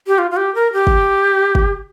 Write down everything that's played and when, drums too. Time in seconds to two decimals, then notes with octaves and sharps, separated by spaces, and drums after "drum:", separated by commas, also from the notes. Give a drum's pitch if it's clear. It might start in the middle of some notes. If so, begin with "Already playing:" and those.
0.07 G4
0.18 F4
0.31 F4
0.37 G4
0.55 A#4
0.73 G4
0.87 drum: kick
1.55 drum: kick